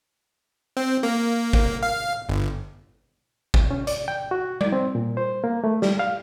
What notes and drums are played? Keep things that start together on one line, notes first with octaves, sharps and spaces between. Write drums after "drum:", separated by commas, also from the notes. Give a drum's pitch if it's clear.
C4
A#3
drum: kick
F5
G1
drum: kick
C#4
D5, drum: hi-hat
G5
F#4
D5, drum: tom G3
C4
A#2
C5
A#3
A3
G3, drum: snare
F5